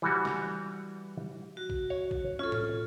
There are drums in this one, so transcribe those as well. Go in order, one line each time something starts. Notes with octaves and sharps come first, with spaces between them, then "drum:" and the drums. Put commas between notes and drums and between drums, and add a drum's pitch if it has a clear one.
E3 G3 F#4
drum: snare
F#4
drum: kick A#1
C#5
drum: kick A#1
C#4 F4 A4
drum: tom A2